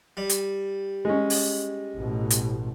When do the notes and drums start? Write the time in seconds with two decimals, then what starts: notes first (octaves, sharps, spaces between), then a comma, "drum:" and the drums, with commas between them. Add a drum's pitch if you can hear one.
0.17 G3
0.29 drum: hi-hat
1.05 G#3 C#4
1.30 drum: open hi-hat
1.98 A1 B2
2.30 drum: hi-hat